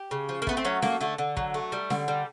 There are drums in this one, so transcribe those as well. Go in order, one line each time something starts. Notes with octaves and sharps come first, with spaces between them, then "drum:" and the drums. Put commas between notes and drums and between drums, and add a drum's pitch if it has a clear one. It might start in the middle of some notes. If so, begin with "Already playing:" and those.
Already playing: G4
C#3
F3
A#3
A3 B3, drum: kick
C4
F#3 C#4
A3 A#3, drum: snare C#4
D3 A3
D3
F#3, drum: kick
A3
G3
D3, drum: snare C#4
G3